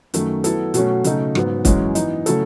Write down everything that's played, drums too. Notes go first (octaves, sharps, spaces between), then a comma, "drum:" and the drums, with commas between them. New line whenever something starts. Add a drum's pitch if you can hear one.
F#2 D#3 A3, drum: hi-hat
F#3 B3 E4 A4, drum: hi-hat
B2 F#3 A3 C#4 F#4, drum: hi-hat
C#3 F#3 A3 D#4, drum: hi-hat
G#2 F#3 B3, drum: rim click
F#2 E3 G#3 C#4, drum: kick, hi-hat
E3 B3 D#4, drum: hi-hat
C#3 F#3 A3 E4 A4, drum: hi-hat